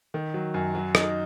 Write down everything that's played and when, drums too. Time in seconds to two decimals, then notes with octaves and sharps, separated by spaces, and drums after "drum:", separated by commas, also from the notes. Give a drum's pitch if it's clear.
0.14 D#3
0.34 F#3
0.54 F#2
0.75 F#3
0.95 D#4, drum: rim click